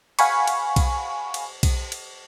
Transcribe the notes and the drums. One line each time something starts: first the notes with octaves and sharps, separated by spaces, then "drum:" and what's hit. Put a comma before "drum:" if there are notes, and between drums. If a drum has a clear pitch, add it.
F5 F#5 G#5 B5 C#6, drum: cymbal
drum: cymbal
drum: kick B1, cymbal
drum: cymbal
drum: kick B1, cymbal
drum: cymbal